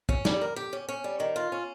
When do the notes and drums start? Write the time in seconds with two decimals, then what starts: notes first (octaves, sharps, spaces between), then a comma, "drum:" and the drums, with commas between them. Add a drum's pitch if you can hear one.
0.09 C#4, drum: kick
0.25 G3, drum: snare
0.41 A#4
0.56 G4
0.73 C#4
0.89 C#4
1.04 G3
1.20 D#3
1.36 F4
1.52 C#4